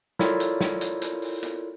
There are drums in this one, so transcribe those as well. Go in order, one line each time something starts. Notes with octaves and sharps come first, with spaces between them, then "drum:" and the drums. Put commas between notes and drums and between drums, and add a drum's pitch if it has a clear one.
E4 F4 A4 A#4 C#5 D5, drum: snare
drum: hi-hat
drum: snare
drum: hi-hat
drum: hi-hat
drum: open hi-hat
drum: hi-hat